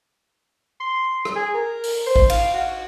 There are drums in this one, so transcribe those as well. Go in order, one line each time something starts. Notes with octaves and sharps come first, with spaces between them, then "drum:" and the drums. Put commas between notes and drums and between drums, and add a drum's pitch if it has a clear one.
C6
drum: rim click
G#4
A#4
drum: open hi-hat
C5
drum: kick A1
F5, drum: cymbal
F#4